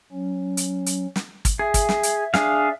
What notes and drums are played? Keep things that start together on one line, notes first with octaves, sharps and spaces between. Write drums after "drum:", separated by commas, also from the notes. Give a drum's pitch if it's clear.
F#3 C#4
drum: hi-hat
drum: hi-hat
drum: snare
drum: kick, hi-hat
G#4 E5
drum: kick, hi-hat
drum: snare
drum: hi-hat
D4 G#4 F5, drum: snare